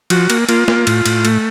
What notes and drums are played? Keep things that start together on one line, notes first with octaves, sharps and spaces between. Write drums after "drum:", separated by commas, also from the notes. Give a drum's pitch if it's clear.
F3 F#4, drum: cymbal
A#3, drum: cymbal
A#3 F4, drum: cymbal
A#3, drum: snare
A2, drum: cymbal
A2, drum: cymbal
A3, drum: cymbal